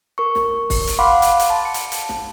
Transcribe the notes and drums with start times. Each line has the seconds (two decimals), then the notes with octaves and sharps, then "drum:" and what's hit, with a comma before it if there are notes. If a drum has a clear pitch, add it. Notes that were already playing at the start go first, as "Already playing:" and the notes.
0.18 A#4 C#6
0.35 drum: snare
0.70 drum: kick, open hi-hat
0.87 drum: hi-hat
0.99 F5 F#5 B5 C6 D6
1.22 drum: hi-hat
1.40 drum: hi-hat
1.50 A5
1.63 A5 C#7
1.74 drum: hi-hat
1.92 drum: hi-hat
2.09 drum: snare